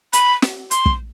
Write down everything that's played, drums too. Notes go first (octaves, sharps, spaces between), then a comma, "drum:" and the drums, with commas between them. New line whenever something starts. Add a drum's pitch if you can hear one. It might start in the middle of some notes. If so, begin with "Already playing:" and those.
B5, drum: hi-hat
drum: snare
C6, drum: hi-hat
drum: kick